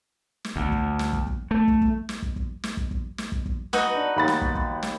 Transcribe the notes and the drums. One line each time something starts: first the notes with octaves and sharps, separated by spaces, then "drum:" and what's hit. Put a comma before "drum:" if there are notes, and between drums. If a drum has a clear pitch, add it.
drum: snare
D2, drum: kick
drum: kick
drum: snare
drum: kick
drum: kick
A3
drum: kick
drum: kick
drum: snare
drum: kick
drum: kick
drum: snare
drum: kick
drum: kick
drum: snare
drum: kick
drum: kick
D#4 F#4 B4, drum: snare
D4
D#2 B5 A6
drum: snare
drum: kick
drum: kick
drum: snare